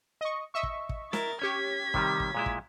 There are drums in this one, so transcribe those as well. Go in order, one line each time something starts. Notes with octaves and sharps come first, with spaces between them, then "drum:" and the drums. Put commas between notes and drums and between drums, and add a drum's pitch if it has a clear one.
D#5 C#6
D#5 E5 C#6
drum: kick
drum: kick
E4 A#4 A6, drum: snare
C#4 G4 C#5 G#6 B6
C3 D#3 G3, drum: kick
drum: kick
A#2 G#3 E4
drum: kick